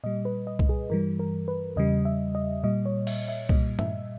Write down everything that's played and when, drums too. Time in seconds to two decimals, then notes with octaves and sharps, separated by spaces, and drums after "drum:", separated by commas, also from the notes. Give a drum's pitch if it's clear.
0.04 A#2 G3 D#5
0.25 B4
0.47 D#5
0.59 drum: kick C2
0.69 G#4
0.90 G2 E3 G3 A#4
1.19 A#4
1.48 B4
1.76 E2 C#3 G3 D#5
2.05 E5
2.35 D#5
2.64 A#2 G3 D#5
2.86 C#5
3.07 E5, drum: cymbal
3.28 E5
3.49 A#2 G3 D#5, drum: kick C2
3.79 E5, drum: tom G2